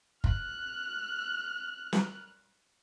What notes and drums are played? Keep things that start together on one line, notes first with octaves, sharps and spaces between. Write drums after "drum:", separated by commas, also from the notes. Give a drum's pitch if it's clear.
F6 F#6, drum: kick
drum: snare